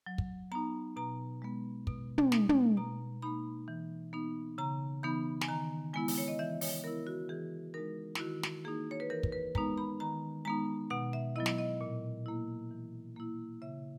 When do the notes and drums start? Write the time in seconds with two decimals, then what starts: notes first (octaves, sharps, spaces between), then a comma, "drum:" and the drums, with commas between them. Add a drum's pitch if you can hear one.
0.06 F#3
0.18 drum: kick
0.52 B3 D#4 A#5
0.96 B2 A#5
1.42 G#3 B3
1.87 B2, drum: kick
2.18 drum: tom
2.32 G#3 D#4, drum: snare
2.49 drum: tom
2.77 B2 A#5
3.22 A#3 D#4 B5
3.68 E3
4.13 B3 D#4
4.58 C#3 A#5
5.03 E3 B3 D#4 B5
5.41 G#5, drum: snare
5.48 D#3 A#5
5.93 G#3 B3 E4 G#5
6.08 drum: open hi-hat
6.18 C#5
6.28 D#5
6.39 E3 E5
6.61 C#5, drum: open hi-hat
6.84 B3 E4 A#4
7.07 F#4
7.29 E3 G#4
7.74 G#3 D#4 A#4
8.15 E4, drum: snare
8.20 D#3 F#4
8.43 drum: snare
8.65 A#3 D#4 G#4
8.91 C#5
9.00 B4
9.10 E3 A#4
9.23 drum: kick
9.32 B4
9.55 G#3 B3 D#4 A#5, drum: kick
9.78 B5
10.00 D#3 A#5
10.45 G#3 B3 D#4 A#5
10.90 B2 F#5
11.13 E5
11.36 F#3 B3 E4 D#5
11.46 drum: snare
11.58 D#5
11.81 A#2
12.26 A#3 E4
12.71 E3
13.16 A#3 E4
13.62 C#3 E5